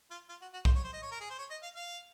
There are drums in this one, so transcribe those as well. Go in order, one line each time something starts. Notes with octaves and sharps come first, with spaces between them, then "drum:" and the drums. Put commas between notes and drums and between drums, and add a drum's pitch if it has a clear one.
F4
F4
F#4
F#4
C5, drum: kick B1
C#5
C5
D#5
C#5
A#4
G#4
C5
C#5
D#5
F5
F5